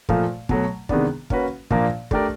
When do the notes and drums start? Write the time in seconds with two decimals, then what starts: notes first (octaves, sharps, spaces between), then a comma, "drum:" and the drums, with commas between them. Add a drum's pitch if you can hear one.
0.09 A#2 F3 A3, drum: kick
0.49 B2 F#3 A3, drum: kick
0.89 C3 D#3 G#3 B3 D4, drum: kick
1.30 A#3 C#4 F#4 B4, drum: kick
1.71 A#2 F3 A#3 D4, drum: kick
2.11 A3 D4 G4 A#4 D5, drum: kick